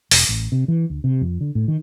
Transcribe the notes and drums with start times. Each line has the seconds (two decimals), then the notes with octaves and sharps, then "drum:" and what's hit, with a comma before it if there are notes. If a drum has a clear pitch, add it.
0.11 E1, drum: open hi-hat
0.29 A1
0.52 C3
0.68 E3
0.90 D2
1.04 C3
1.21 F2
1.41 D3
1.55 A2
1.68 D#3